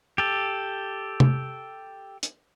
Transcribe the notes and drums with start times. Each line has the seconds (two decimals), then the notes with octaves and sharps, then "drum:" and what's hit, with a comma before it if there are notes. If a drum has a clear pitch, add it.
0.18 G4 A4
1.20 drum: tom C3
2.23 drum: hi-hat